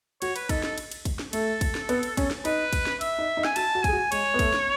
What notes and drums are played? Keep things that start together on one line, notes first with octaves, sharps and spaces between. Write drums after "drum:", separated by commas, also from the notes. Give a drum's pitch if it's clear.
F#4 C#5, drum: cymbal
B4, drum: cymbal
D#4 A4, drum: kick, cymbal
A4, drum: snare
drum: cymbal
drum: cymbal
drum: kick, cymbal
drum: snare
A3 A4, drum: cymbal
drum: kick, cymbal
drum: snare
B3, drum: cymbal
drum: cymbal
C#4, drum: kick, cymbal
drum: snare
D#4 B4, drum: cymbal
drum: kick, cymbal
drum: snare
E5, drum: cymbal
D#4
D#4
G#5, drum: snare
F#4 A5, drum: cymbal
F#4
G#4 G#5, drum: kick, cymbal
F#4
G#3 C#5, drum: cymbal
B3
A3, drum: kick, cymbal
drum: snare